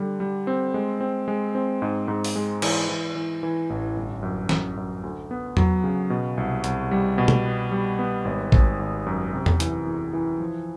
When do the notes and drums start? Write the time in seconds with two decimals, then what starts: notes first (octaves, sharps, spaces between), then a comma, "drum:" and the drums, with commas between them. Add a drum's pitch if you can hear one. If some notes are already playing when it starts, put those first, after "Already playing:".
Already playing: D3 G3
0.20 G3
0.47 C4
0.74 G#3
1.00 C4
1.28 G#3
1.55 C4
1.82 G#2
2.08 G#2
2.24 drum: open hi-hat
2.36 G#3
2.62 E3, drum: cymbal
2.89 E3
3.16 E3
3.43 E3
3.70 A1
3.96 G1
4.23 F#2
4.49 F#2, drum: snare
4.77 F#2
5.03 D2
5.31 B3
5.57 F#3, drum: tom E2
5.84 C#3
6.10 B2
6.37 C2
6.64 C2, drum: hi-hat
6.91 G3
7.18 B2
7.28 drum: tom
7.45 B3
7.71 G3
7.99 B3
8.25 G#1
8.52 G#1, drum: kick
8.79 G#1
9.06 F#2
9.33 C3
9.46 drum: tom E2
9.60 E3, drum: hi-hat
9.87 E2
10.13 E3
10.40 F3